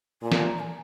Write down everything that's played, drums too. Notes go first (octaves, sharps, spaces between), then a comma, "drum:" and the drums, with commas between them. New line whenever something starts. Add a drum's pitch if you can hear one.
A#2 G#5
drum: snare
A#5
G#5